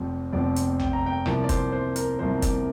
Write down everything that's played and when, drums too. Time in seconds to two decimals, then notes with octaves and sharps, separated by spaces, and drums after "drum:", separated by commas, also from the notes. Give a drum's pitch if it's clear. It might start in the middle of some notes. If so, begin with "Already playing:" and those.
Already playing: F1 F2 F3 C4
0.32 F1 F2 F3 C4 D5
0.56 drum: hi-hat
0.79 G5, drum: tom A#1
0.93 A#5
1.06 G5
1.26 C2 C3 F3 A#3 D5, drum: rim click
1.44 D5
1.49 C5, drum: kick, hi-hat
1.72 C5
1.96 A#4, drum: hi-hat
2.19 C2 C3 F3 A#3 C5
2.42 D5, drum: kick, hi-hat